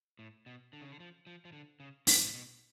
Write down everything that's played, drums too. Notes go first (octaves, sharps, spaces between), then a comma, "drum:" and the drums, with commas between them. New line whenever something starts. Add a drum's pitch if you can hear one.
A2
B2
D3
C#3
D3
F3
F3
F3
D3
C#3
B2, drum: open hi-hat
A2
B2